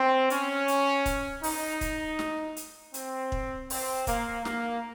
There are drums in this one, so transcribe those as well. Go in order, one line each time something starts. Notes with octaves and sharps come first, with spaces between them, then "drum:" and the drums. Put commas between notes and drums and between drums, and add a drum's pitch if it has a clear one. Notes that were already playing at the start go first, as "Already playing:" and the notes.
Already playing: C4
C#4, drum: hi-hat
drum: hi-hat
drum: kick, hi-hat
D#4, drum: open hi-hat
drum: kick, hi-hat
drum: snare
drum: hi-hat
C4, drum: hi-hat
drum: kick
C4, drum: open hi-hat
A#3, drum: kick, hi-hat
A#3, drum: snare